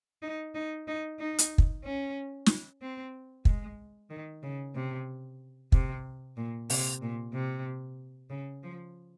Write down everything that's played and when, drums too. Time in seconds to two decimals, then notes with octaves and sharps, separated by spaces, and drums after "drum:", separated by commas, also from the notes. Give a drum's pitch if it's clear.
0.22 D#4
0.55 D#4
0.87 D#4
1.19 D#4
1.39 drum: hi-hat
1.58 drum: kick
1.84 C#4
2.46 drum: snare
2.81 C4
3.45 G#3, drum: kick
4.10 D#3
4.43 C#3
4.75 C3
5.72 C3, drum: kick
6.37 A#2
6.70 C3, drum: open hi-hat
7.01 A#2
7.33 C3
8.30 C#3
8.63 F3